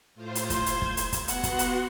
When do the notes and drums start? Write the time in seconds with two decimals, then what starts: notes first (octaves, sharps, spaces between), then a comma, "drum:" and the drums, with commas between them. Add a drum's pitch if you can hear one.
0.15 A2 F4 C5
0.35 drum: hi-hat
0.50 C5 G#6, drum: kick, hi-hat
0.66 drum: hi-hat
0.82 drum: kick
0.97 drum: hi-hat
1.13 drum: kick, hi-hat
1.28 B3 F#4 F#5 C6, drum: hi-hat
1.43 drum: kick, hi-hat
1.59 drum: hi-hat